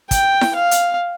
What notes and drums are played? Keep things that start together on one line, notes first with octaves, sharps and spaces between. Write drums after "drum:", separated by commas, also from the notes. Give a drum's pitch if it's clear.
G5, drum: kick, hi-hat
drum: snare E4
F5
drum: hi-hat